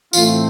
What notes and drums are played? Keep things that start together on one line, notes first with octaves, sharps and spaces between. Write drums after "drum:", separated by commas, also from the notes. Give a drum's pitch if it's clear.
A2 E3 A3 C4 F4, drum: tambourine